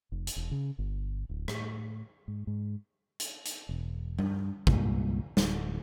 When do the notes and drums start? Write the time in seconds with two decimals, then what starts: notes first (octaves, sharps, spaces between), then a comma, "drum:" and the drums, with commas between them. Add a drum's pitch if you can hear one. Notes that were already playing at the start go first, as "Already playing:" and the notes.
0.12 F1
0.27 drum: hi-hat
0.36 E1
0.51 C#3
0.78 G1
1.29 D1
1.48 A2, drum: rim click
2.28 G#2
2.47 G#2
3.20 drum: hi-hat
3.45 drum: hi-hat
3.69 E1
4.19 G2, drum: tom G3
4.67 C2 G2 A#2 G#3, drum: kick
5.37 D1, drum: snare